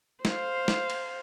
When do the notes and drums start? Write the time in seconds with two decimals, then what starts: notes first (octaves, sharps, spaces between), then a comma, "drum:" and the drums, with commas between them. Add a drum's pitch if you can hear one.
0.25 C5 F5, drum: snare
0.68 drum: snare
0.90 drum: cymbal